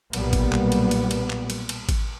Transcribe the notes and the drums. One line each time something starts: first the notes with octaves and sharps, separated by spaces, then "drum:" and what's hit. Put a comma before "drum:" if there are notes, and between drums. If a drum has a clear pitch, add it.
B1 A#2 G3 A#3 B3, drum: cymbal
drum: kick G#1, cymbal
drum: clap
drum: cymbal
drum: cymbal
drum: cymbal
drum: clap
drum: cymbal
drum: cymbal
drum: kick G#1, cymbal